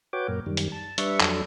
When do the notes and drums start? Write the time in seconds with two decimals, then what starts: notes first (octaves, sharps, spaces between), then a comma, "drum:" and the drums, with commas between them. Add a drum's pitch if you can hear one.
0.13 F#4 B4 C#5 G5 D6
0.28 F#2 A#2 A#4
0.46 F#2 D#3 G3
0.57 drum: hi-hat
0.72 A5
0.98 G3 D4 B4 E5 C#6, drum: hi-hat
1.20 F2 F#3 D4 A4, drum: clap